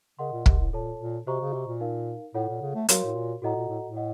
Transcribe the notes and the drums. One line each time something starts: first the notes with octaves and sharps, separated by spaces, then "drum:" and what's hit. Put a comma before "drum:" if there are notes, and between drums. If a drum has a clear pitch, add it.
C#3 A#4 D#5 F#5 C6
A#2
C3, drum: kick
A2
A#2 F4 A4 C#5 A5
A#2
C3 F#4 C5 D#5 A#5 C#6
C#3
C3
A#2
D#4 A#4 F5
A2 F4 A4 C#5 F#5
A#2
C#3
A3
F#3 F#4 A#4 C#5 F5 C6, drum: hi-hat
A2
A#2
A2 F#4 A4 D#5 F#5 A#5
A#2
A2
A2
D#5 F#5